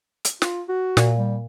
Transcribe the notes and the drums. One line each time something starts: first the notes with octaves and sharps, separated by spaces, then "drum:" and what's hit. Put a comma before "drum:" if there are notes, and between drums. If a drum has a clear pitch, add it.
drum: hi-hat
F4, drum: snare
F#4
A#2, drum: snare
G3